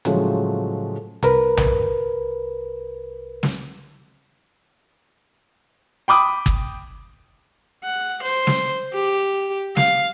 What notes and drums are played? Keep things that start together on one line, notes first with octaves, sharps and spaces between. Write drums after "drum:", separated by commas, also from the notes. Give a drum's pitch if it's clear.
A2 C#3 F3 F#3 G#3 A3, drum: hi-hat
C2 A#4 B4, drum: hi-hat
drum: tom B1
drum: snare
G5 B5 D6 D#6
drum: kick
F#5
C5
drum: snare
G4
F5, drum: snare